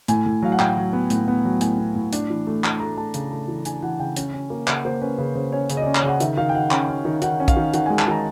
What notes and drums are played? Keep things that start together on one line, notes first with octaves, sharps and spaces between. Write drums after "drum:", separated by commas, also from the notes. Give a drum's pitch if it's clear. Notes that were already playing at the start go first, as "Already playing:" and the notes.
A2 G#5, drum: hi-hat
A2
F#3 F5
F#5
A2 G5, drum: clap
F#3
B3
A2, drum: hi-hat
B3
F#3
A2 G#5, drum: hi-hat
B3
A2
D4, drum: hi-hat
E3
A3
A3 A5, drum: clap
A3 A#5
A3 A5
C#3, drum: hi-hat
A3
E3
D4 G#5, drum: hi-hat
E3 F#5
C#3 G5
C#4, drum: hi-hat
C#4
A#3
C#3 F#5, drum: clap
A#3 C5
C#4 B4
C#3 B4
C#3 C5
C#4 C#5
C#3 C#5, drum: hi-hat
D#5
D5
C#4
C#5, drum: clap
C#3 F#5
D#3 E5, drum: hi-hat
D#3 F5
G5
D#3 F#5
C#4 G5, drum: clap
C#4
D#3
D#3 F#5, drum: hi-hat
C#4
F5, drum: kick A#1, hi-hat
D#3
D#3 F#5, drum: hi-hat
G#5
G#3
A5, drum: clap
D#3 A#5